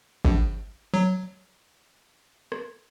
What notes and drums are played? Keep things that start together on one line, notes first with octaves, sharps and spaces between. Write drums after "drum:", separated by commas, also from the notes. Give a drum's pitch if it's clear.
A#1, drum: kick
F#3
drum: rim click